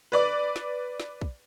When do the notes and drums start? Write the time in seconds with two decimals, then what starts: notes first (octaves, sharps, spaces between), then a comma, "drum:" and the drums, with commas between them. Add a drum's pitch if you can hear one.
0.12 B4 D5 D6
0.56 drum: snare
1.00 drum: snare
1.21 drum: kick